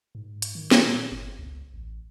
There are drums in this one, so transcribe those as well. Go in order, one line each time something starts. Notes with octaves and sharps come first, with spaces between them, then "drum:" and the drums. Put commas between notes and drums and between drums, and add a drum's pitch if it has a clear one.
G#2
drum: hi-hat
D#3
drum: snare
A#2
G1
C#2
A1